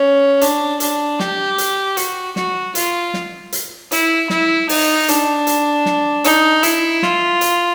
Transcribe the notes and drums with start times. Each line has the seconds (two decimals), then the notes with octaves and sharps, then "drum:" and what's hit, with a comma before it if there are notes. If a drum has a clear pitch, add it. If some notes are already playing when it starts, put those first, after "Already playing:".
Already playing: C#4
0.41 D4, drum: hi-hat
0.80 D4, drum: hi-hat
1.20 G4, drum: snare
1.58 drum: hi-hat
1.97 F#4, drum: hi-hat
2.36 F#4, drum: snare
2.75 F4, drum: hi-hat
3.14 drum: snare
3.52 drum: hi-hat
3.92 E4, drum: hi-hat
4.30 E4, drum: snare
4.69 D#4, drum: open hi-hat
5.08 D4, drum: hi-hat
5.47 drum: hi-hat
5.86 drum: snare
6.24 D#4, drum: hi-hat
6.63 E4, drum: hi-hat
7.02 F4, drum: snare
7.41 drum: hi-hat